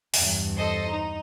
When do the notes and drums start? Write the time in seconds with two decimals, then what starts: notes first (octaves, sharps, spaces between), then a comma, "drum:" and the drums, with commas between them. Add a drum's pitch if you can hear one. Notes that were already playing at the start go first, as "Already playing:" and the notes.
0.14 E2 G2, drum: open hi-hat
0.57 A4 C5 D#5
0.88 D#4